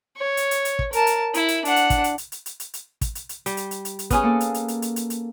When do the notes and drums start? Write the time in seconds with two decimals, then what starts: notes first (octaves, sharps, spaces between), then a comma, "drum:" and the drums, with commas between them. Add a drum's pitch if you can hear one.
0.17 C#5
0.37 drum: hi-hat
0.51 drum: hi-hat
0.65 drum: hi-hat
0.79 drum: kick
0.93 A#4 A5, drum: hi-hat
1.07 drum: hi-hat
1.34 E4, drum: hi-hat
1.48 drum: hi-hat
1.65 D4 F#5, drum: hi-hat
1.76 drum: hi-hat
1.90 drum: kick, hi-hat
2.04 drum: hi-hat
2.18 drum: hi-hat
2.32 drum: hi-hat
2.46 drum: hi-hat
2.60 drum: hi-hat
2.74 drum: hi-hat
3.01 drum: kick, hi-hat
3.15 drum: hi-hat
3.29 drum: hi-hat
3.46 G3, drum: hi-hat
3.57 drum: hi-hat
3.71 drum: hi-hat
3.85 drum: hi-hat
3.99 drum: hi-hat
4.10 B3 C#4 G#4, drum: kick, hi-hat
4.23 A#3 A4
4.40 drum: hi-hat
4.54 drum: hi-hat
4.68 drum: hi-hat
4.82 drum: hi-hat
4.96 drum: hi-hat
5.10 drum: hi-hat